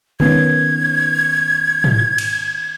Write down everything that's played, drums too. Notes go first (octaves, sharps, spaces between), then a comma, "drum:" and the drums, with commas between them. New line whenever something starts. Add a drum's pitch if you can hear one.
D#3 B3 C#4 G#6, drum: tom
drum: tom
drum: cymbal